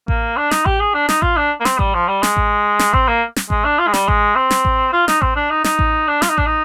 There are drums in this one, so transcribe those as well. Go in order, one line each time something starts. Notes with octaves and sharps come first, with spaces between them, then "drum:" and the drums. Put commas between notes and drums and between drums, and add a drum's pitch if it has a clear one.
A#3, drum: kick A1
D4
D#4, drum: snare
G4, drum: kick A1
G#4
D4
D#4, drum: snare
F4, drum: kick A1
D4
A#3
C4, drum: snare
G3, drum: kick A1
F3
G3
G#3, drum: snare
drum: kick A1
drum: snare
C4, drum: kick A1
A#3
drum: snare
G#3, drum: kick A1
D4
F4
G#3
G3, drum: snare
G#3, drum: kick A1
C4
drum: snare
drum: kick A1
F4
D#4, drum: snare
C4, drum: kick A1
D4
D#4
D#4, drum: snare
drum: kick A1
D4
F4, drum: snare
D#4
D4, drum: kick A1
D#4